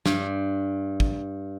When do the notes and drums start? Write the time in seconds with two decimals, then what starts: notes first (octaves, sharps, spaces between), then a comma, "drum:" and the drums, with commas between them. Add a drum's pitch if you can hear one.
0.06 G2, drum: snare
1.00 drum: kick